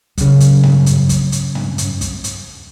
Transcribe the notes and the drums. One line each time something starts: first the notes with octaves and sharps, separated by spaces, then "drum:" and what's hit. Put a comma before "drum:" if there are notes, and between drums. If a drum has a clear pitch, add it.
C#3 F#3, drum: kick, hi-hat
drum: hi-hat
drum: tom
drum: hi-hat
drum: kick, hi-hat
drum: hi-hat
drum: tom
drum: hi-hat
drum: kick, hi-hat
drum: hi-hat